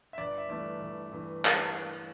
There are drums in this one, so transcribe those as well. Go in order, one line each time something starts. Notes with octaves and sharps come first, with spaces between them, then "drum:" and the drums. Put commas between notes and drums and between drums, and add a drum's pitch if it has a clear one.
E5
G1 D5
E5
G2 E3 A3 D5
G1
G2 E3 A3
drum: clap